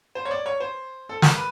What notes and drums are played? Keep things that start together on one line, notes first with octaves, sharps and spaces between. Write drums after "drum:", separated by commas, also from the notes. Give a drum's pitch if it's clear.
C5
C#5
D5
C#5
C5
A4
A#4, drum: snare
B4